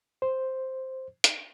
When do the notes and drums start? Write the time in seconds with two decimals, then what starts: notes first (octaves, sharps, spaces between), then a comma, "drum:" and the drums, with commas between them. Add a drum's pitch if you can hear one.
0.22 C5
1.24 drum: hi-hat